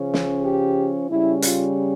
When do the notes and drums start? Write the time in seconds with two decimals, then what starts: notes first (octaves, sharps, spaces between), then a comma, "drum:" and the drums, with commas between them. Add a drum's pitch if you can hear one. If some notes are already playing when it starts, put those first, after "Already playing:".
Already playing: C#3 F3 C#4
0.14 drum: snare
0.41 G4
1.08 C#3 G3 C#4 E4
1.42 F4, drum: hi-hat